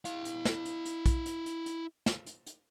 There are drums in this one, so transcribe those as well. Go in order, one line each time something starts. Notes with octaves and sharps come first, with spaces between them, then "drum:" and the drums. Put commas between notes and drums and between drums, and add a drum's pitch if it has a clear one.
E4 F5, drum: hi-hat
drum: hi-hat
drum: snare
drum: hi-hat
drum: hi-hat
drum: kick, hi-hat
drum: hi-hat
drum: hi-hat
drum: hi-hat
drum: snare
drum: hi-hat
drum: hi-hat